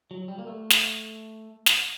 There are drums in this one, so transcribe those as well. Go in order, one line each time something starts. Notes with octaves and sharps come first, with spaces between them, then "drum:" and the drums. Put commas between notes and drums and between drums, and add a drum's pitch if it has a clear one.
F#3
G3
A#3
A3
drum: snare
drum: snare